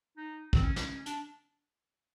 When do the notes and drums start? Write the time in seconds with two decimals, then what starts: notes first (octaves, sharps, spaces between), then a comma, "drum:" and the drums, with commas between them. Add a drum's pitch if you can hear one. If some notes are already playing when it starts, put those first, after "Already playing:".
0.17 D#4
0.53 C4, drum: kick
0.62 C#4
0.76 C#4, drum: snare
1.06 D4, drum: hi-hat